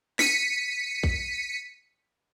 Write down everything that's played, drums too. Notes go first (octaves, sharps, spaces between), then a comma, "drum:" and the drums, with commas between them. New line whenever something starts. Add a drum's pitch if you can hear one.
B6 C#7 D#7, drum: snare
drum: kick